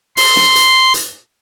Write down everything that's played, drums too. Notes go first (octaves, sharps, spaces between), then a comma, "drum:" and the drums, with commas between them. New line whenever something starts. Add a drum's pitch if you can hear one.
C6, drum: open hi-hat
drum: snare
drum: hi-hat
drum: hi-hat